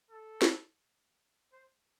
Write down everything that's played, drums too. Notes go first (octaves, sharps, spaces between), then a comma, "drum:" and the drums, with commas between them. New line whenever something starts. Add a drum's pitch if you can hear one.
A4
drum: snare
C5